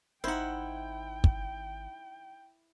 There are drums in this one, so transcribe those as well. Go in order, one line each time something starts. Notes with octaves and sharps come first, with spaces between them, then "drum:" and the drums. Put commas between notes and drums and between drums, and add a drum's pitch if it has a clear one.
G#1 D#4 E4 C5 F#5 G5
drum: kick